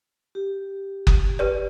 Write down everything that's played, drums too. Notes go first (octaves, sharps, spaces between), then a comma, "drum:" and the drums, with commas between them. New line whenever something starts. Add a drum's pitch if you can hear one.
G4
drum: kick F#1
G4 B4 D5